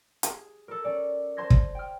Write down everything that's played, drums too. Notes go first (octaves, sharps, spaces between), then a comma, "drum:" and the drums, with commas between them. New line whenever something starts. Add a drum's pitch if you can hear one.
G#4, drum: hi-hat
A4 A#4
C#4 D5
C5 A5 C6 G#6 A#6
drum: kick
G5 F6